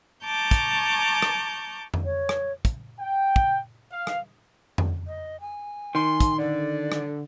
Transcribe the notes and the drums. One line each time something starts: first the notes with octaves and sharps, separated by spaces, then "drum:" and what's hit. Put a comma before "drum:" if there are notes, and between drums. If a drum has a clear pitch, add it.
A5 A#5 C#6 D6 G6
drum: kick, hi-hat
drum: rim click
drum: tom F2
C#5
drum: rim click
drum: kick, hi-hat
G5
drum: kick
F5
drum: rim click
drum: tom F2
D#5
G#5
D#3 C6
drum: kick, hi-hat
D3 D5
drum: rim click